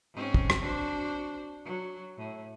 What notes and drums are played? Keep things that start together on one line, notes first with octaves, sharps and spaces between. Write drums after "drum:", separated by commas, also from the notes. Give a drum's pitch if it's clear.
G#2 C4 C#4
drum: kick
drum: rim click
D4 F#4 C5
F#3
A2